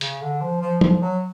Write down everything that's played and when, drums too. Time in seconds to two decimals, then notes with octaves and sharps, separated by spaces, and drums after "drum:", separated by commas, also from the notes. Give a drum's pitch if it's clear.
0.01 C#3, drum: hi-hat
0.21 D3
0.41 F3
0.61 F3
0.81 F3, drum: tom
1.02 F#3